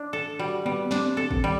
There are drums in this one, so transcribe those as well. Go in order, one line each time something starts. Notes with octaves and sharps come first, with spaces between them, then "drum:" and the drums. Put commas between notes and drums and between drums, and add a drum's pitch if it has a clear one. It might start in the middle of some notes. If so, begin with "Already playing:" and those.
Already playing: D4
A4
G3 F#4
G3 B3
C4 D4, drum: snare
A4
drum: kick G#1
G3